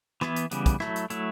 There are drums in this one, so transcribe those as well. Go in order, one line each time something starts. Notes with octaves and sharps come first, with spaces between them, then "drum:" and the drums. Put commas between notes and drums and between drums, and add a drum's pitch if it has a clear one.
E3 B3 E4, drum: rim click
drum: hi-hat
C#3 E3 G3 B3, drum: hi-hat
drum: kick, hi-hat
F#3 A3 E4, drum: rim click
drum: hi-hat
F#3 A3 E4, drum: hi-hat